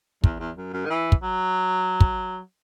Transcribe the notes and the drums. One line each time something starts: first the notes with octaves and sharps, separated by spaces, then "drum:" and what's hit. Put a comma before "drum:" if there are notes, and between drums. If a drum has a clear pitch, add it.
E2, drum: kick
E2
F#2
F#2
D#3
E3
drum: kick
F#3
drum: kick